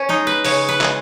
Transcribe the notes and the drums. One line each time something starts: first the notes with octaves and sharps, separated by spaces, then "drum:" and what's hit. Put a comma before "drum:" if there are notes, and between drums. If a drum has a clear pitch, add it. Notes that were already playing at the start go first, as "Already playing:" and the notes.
Already playing: C#4
G#3 D#4
B4
C#3 C#5, drum: open hi-hat
B4
G#3, drum: clap